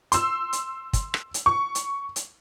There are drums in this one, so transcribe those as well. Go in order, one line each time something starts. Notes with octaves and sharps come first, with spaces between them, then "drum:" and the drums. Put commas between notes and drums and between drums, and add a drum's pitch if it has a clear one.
C6 E6, drum: hi-hat
drum: hi-hat
drum: kick, hi-hat
drum: rim click
drum: hi-hat
C#6
drum: hi-hat
drum: hi-hat